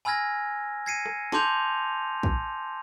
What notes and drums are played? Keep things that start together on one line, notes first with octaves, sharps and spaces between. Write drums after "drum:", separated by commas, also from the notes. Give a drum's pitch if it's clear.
G#5 B5 E6 F6 G#6 A#6
G#6 A#6 C7 C#7 D#7
drum: rim click
A5 C6 D6 G6 F7, drum: snare
drum: kick